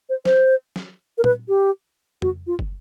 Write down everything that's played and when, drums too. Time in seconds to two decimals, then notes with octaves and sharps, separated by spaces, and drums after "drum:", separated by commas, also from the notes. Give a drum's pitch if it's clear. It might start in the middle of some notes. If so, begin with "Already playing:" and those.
0.09 C5
0.25 C5, drum: snare
0.76 drum: snare
1.18 A#4
1.24 B4, drum: tom A#2
1.48 G4
2.22 F#4, drum: tom F2
2.47 F4
2.59 drum: kick